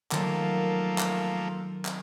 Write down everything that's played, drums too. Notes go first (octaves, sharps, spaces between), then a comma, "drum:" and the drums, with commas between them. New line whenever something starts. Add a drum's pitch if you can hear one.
D#3 F3 F#3 A3 A#3, drum: clap
drum: clap
drum: clap